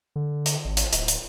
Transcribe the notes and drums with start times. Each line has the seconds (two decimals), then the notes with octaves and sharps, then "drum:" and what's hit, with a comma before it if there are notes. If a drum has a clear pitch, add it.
0.16 D3
0.46 drum: hi-hat
0.65 G#1
0.77 drum: hi-hat
0.93 D1, drum: hi-hat
1.08 drum: hi-hat